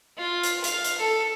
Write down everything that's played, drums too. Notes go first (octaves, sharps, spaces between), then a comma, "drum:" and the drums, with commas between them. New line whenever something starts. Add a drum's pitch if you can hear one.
F4
drum: hi-hat
F5, drum: hi-hat
drum: hi-hat
A4